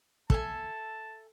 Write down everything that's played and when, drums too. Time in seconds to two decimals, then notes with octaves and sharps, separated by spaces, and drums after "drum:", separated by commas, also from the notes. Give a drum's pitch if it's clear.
0.30 A4 E5 G#5 A5, drum: kick